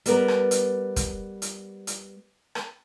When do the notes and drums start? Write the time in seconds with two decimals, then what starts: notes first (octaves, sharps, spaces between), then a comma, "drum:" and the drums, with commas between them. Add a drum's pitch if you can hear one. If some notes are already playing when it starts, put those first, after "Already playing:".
0.06 G3 B3 A#4, drum: hi-hat
0.28 drum: rim click
0.51 drum: hi-hat
0.96 drum: kick, hi-hat
1.42 drum: hi-hat
1.87 drum: hi-hat
2.55 drum: rim click